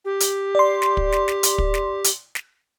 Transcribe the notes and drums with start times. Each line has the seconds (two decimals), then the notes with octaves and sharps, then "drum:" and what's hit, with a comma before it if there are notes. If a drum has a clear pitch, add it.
0.05 G4
0.20 drum: hi-hat
0.55 D5 C6
0.82 drum: snare
0.97 drum: kick
1.12 drum: snare
1.28 drum: snare
1.43 drum: hi-hat
1.58 drum: kick
1.74 drum: snare
2.04 drum: hi-hat
2.35 drum: snare